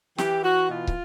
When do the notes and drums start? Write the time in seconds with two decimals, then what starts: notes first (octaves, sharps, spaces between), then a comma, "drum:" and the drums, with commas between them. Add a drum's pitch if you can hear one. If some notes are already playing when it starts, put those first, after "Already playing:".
0.18 E3 G4, drum: snare
0.44 E3 F#4
0.69 B2 F4
0.87 drum: kick